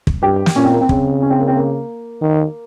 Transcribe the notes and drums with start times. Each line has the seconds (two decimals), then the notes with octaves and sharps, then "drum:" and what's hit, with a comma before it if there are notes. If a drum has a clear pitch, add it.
0.07 drum: kick
0.22 G2 G4
0.46 drum: snare
0.55 A#2 C#4
0.64 C4
0.73 A#3
0.81 C4
0.89 C#3, drum: kick
1.22 C#4
1.30 C4
1.39 A#3
1.48 C4
1.55 A#3
2.21 D#3